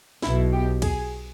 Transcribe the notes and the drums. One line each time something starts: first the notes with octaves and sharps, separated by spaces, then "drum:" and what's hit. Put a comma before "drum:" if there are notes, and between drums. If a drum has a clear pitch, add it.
B1 B2 E4, drum: snare
G4
G#4, drum: kick D2, cymbal